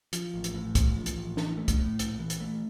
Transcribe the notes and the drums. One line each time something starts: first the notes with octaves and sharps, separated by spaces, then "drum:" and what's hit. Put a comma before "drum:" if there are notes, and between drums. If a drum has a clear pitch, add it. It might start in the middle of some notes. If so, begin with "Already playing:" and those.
F3, drum: hi-hat
A1
drum: hi-hat
A2
A1, drum: kick, hi-hat
F3
drum: hi-hat
A1
E3, drum: snare
A3
drum: kick, hi-hat
A2
A#1, drum: hi-hat
E3
drum: hi-hat
A3